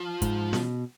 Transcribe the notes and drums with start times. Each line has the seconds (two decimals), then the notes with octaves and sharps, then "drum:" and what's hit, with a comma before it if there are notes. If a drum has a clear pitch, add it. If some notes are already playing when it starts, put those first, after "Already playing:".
Already playing: F3
0.22 G#2, drum: kick, hi-hat
0.53 B2, drum: snare